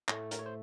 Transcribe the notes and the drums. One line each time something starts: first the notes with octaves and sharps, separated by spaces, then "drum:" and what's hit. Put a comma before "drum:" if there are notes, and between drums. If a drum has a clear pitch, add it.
A2 A3 C#5, drum: clap
A#4, drum: hi-hat
C#5
C5